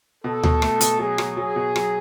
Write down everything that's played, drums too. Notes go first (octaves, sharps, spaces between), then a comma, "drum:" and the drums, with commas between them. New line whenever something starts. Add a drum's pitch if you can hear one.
B2 A4
B2, drum: tom D2
A3, drum: rim click
B2, drum: hi-hat
F#3 G#4
F#3, drum: rim click
F#3 G#4
B2
F#3, drum: rim click